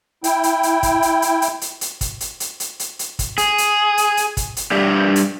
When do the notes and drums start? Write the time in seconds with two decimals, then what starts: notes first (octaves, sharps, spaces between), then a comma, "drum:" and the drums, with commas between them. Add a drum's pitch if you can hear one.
0.24 E4 G5, drum: hi-hat
0.43 drum: hi-hat
0.63 drum: hi-hat
0.83 drum: kick, hi-hat
1.02 drum: hi-hat
1.22 drum: hi-hat
1.42 drum: hi-hat
1.61 drum: hi-hat
1.81 drum: hi-hat
2.01 drum: kick, hi-hat
2.20 drum: hi-hat
2.40 drum: hi-hat
2.60 drum: hi-hat
2.80 drum: hi-hat
2.99 drum: hi-hat
3.19 drum: kick, hi-hat
3.38 G#4, drum: hi-hat
3.58 drum: hi-hat
3.98 drum: hi-hat
4.17 drum: hi-hat
4.37 drum: kick, hi-hat
4.57 drum: hi-hat
4.71 G3 D4 G4 E5
5.16 drum: hi-hat